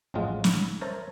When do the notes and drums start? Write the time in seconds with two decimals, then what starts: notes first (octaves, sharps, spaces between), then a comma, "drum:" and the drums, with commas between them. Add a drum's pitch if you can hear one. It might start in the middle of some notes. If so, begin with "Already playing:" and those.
0.14 A1 F2 F#3 G#3 F4 F#4
0.44 drum: snare
0.81 A#4 C5 C#5 E5 A5 A#5